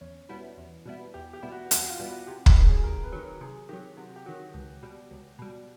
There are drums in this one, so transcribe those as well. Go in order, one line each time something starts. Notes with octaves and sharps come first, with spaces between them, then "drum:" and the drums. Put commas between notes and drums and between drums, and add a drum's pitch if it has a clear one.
E2 C#4
B2 G3 B3 E4
E2
B2 G3 B3 E4
E2 G4
G4
B2 G3 B3 E4
F#4
E2 F#4, drum: hi-hat
F4
B2 G3 B3 E4
F#4
C3 G4
G4, drum: kick
D#3 F#3
G#4
C3 A#4
B4
D#3 F#3
A#4
C3 G#4
D#3 F#3 G4
C3 F#4
G4
D#3 F#3 F#4
C#2
B2 G3
C#2
B2 G3